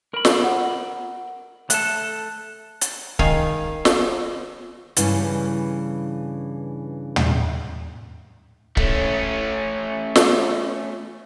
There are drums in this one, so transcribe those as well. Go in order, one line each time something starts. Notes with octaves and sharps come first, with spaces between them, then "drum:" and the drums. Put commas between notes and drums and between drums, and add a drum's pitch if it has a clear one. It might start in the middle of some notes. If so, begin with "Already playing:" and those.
A#4 B5
drum: snare
F#5
A3 A4 F#6, drum: hi-hat
drum: hi-hat
D#3 F5 G#5, drum: kick C#1
drum: snare
G2 C#3 E3, drum: hi-hat
drum: tom
A3 C#4, drum: kick C#1
drum: snare